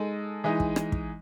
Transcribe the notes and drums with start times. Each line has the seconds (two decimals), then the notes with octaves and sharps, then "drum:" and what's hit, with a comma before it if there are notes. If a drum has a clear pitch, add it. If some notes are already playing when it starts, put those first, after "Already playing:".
Already playing: G#3 D#4 A4
0.44 E3 G#3 D#4
0.60 drum: kick
0.76 drum: rim click
0.92 drum: kick